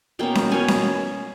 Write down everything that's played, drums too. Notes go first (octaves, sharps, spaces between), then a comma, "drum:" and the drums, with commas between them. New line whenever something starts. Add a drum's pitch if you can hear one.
B2 A#3 C#4 G5
drum: snare C#4
B2 A#3 C#4 G#5
drum: snare C#4